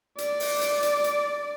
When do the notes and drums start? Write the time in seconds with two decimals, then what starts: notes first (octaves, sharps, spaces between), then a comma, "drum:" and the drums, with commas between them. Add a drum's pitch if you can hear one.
0.18 D5, drum: hi-hat
0.40 drum: open hi-hat
0.61 drum: hi-hat
0.83 drum: hi-hat
1.04 drum: hi-hat